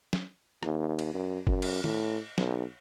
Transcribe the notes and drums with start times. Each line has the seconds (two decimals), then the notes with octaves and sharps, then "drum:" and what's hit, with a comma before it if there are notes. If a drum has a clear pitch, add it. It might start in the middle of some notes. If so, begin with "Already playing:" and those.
0.13 drum: snare
0.63 D#2, drum: rim click
0.99 drum: cymbal
1.14 F#2
1.47 F#2, drum: kick
1.62 drum: cymbal
1.84 A2, drum: tom
2.38 B1, drum: snare